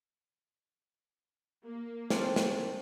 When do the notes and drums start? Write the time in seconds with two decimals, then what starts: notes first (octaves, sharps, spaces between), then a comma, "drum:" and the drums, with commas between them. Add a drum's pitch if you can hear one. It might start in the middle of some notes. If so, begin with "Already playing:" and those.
1.64 A#3
2.10 C4 D4, drum: snare
2.36 drum: snare